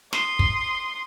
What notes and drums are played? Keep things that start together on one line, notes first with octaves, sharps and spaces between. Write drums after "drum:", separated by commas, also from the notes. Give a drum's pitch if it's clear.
C6 D#6, drum: snare
drum: kick